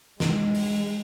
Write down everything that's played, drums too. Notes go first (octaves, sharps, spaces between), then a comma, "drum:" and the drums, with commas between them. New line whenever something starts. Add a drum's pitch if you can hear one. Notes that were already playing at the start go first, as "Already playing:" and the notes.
G#3, drum: snare
drum: open hi-hat